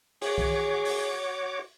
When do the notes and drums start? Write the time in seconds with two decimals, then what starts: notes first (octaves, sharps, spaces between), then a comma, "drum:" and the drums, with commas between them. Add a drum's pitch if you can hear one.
0.22 F#4 G#4 C#5 D6, drum: open hi-hat
0.38 drum: kick C2
0.85 drum: open hi-hat